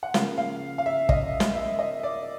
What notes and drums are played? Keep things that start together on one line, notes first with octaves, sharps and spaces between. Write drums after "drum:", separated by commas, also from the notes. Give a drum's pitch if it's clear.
F#5
C#3 F3 A#3 F5, drum: snare
F5
F5
E5
D#5, drum: kick
drum: snare
E5
D#5
D5